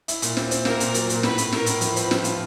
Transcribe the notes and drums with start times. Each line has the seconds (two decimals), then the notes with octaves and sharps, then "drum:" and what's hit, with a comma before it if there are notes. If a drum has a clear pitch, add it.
0.08 E4, drum: hi-hat
0.22 A#2, drum: hi-hat
0.37 C4, drum: snare
0.51 C4, drum: hi-hat
0.65 A#3 A#4, drum: snare
0.80 A#2, drum: hi-hat
0.94 F#3, drum: hi-hat
1.10 A#2, drum: hi-hat
1.23 A2 B4, drum: snare
1.38 A2, drum: hi-hat
1.52 A2 A#4, drum: snare
1.66 A2, drum: hi-hat
1.81 F3 B4, drum: hi-hat
1.96 C4, drum: hi-hat
2.11 F3, drum: snare
2.24 F4, drum: hi-hat